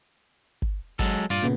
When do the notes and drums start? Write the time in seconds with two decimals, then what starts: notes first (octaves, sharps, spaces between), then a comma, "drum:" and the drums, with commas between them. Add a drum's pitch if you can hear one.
0.62 drum: kick G1
0.99 F#3 G#3 A4, drum: kick G1
1.30 G2 F4 D5
1.43 A#2 C#3 B3